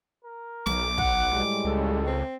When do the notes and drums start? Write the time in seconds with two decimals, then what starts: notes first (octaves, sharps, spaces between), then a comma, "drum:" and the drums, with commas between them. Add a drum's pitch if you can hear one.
0.24 A#4
0.66 B1 D6, drum: snare
0.98 F#5, drum: kick
1.33 A2 G3 G#3
1.65 C#2 A4
2.07 C4